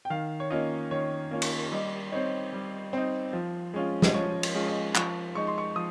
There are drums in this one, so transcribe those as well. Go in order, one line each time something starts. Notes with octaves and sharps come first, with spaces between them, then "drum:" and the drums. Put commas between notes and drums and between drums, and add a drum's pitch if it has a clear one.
G5
D#3 F5
C#5
A#3 C#4 F4 D#5
D#3 C#5
A#3 C#4 F4
drum: cymbal
G3 D#5
C4 D#4 C#5
G3
C4 D#4
F3
G#3 C#4 F4
D#5, drum: snare
F3 C#5
drum: cymbal
G#3 C#4 F4
D#5
F3 C#6, drum: clap
G#3 D#4 C#6
C6
C#6
F3 D#6